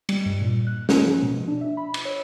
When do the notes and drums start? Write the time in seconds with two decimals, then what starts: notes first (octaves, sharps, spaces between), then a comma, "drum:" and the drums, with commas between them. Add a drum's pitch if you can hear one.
0.09 G3, drum: cymbal
0.26 G2
0.42 A#2
0.67 F#6
0.89 C#4, drum: snare
1.06 F3
1.23 B2
1.48 D4
1.61 E5
1.77 B5
1.94 drum: cymbal
2.05 C#5